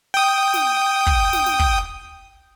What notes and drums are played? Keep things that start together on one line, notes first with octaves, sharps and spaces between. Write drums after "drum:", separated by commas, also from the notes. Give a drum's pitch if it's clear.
G5 D#6
drum: snare
drum: kick
drum: snare
drum: snare
drum: kick